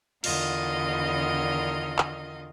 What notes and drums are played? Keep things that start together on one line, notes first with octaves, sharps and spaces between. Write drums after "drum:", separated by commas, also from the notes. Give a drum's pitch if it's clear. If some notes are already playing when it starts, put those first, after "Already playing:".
E2 D3 D#3 F4 A#4 D#5, drum: cymbal
drum: clap